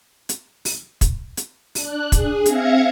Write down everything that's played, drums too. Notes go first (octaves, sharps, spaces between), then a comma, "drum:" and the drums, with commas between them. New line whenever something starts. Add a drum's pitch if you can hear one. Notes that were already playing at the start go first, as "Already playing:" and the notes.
drum: hi-hat
drum: open hi-hat
drum: kick, hi-hat
drum: hi-hat
D4 F#6, drum: open hi-hat
G#4, drum: kick, hi-hat
C4 E5 F5 G#6 A#6 C#7, drum: hi-hat